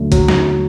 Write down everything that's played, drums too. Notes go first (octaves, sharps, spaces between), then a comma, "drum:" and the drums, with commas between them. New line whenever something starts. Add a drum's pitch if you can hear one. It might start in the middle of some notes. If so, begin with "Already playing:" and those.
Already playing: D#2 D3 F#3 A3
F#3, drum: kick, hi-hat
drum: snare